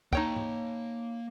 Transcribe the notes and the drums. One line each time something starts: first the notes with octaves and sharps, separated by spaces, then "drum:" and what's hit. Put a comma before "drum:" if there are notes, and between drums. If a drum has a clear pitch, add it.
A#3 D#4 C#5 G5 A5, drum: kick
drum: tom G#2